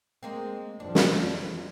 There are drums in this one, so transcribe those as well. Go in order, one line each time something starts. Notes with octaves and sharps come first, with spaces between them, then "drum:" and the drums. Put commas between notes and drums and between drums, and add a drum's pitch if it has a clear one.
G#3 A#3 C4
F2 F3 D4
drum: snare